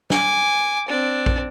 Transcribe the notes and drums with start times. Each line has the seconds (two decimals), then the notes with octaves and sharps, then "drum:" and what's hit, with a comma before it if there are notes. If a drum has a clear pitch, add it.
0.10 G#5 D6, drum: snare
0.88 C4 D4
1.26 drum: kick A#1